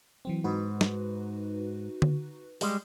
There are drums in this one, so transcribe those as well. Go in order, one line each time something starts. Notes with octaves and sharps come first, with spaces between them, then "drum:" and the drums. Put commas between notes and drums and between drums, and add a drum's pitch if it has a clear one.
E3 F#3 C4
G#2 D#4 F#4 B4
drum: snare
drum: tom D3
G3 G#3, drum: open hi-hat